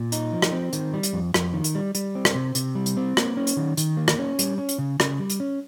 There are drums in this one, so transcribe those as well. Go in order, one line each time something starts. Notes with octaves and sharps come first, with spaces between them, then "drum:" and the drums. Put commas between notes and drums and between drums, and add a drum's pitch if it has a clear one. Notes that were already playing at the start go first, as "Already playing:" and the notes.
Already playing: A#2
D#4, drum: hi-hat
F3
drum: rim click
C4
D#3, drum: hi-hat
G3
drum: hi-hat
F2
F2, drum: rim click
D#3
drum: hi-hat
G3
G3, drum: hi-hat
C4
drum: rim click
C3
C3, drum: hi-hat
G3
drum: hi-hat
C4
A#3, drum: rim click
C#4
drum: hi-hat
D#3
D#3, drum: hi-hat
A#3
drum: rim click
C#4
G3, drum: hi-hat
C#4
drum: hi-hat
C#3
C#3, drum: rim click
G3
drum: hi-hat
C#4